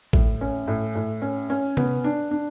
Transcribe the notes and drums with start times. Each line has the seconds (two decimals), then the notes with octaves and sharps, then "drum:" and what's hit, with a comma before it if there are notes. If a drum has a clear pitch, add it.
0.13 A2, drum: kick A1
0.41 C#4
0.68 A2
0.95 A2
1.22 C#4
1.50 C#4
1.77 B3, drum: tom C3
2.04 D4
2.31 D4